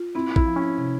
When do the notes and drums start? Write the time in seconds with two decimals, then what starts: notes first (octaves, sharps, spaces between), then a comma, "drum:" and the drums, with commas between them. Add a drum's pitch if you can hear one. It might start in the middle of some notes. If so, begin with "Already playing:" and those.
Already playing: F4
0.15 C4 E4
0.36 E4, drum: kick A1
0.46 F3
0.56 C#4
0.78 C3